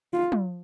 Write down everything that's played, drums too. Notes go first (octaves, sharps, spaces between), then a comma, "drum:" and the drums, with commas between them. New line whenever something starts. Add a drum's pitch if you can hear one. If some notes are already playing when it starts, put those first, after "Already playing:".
F4
drum: tom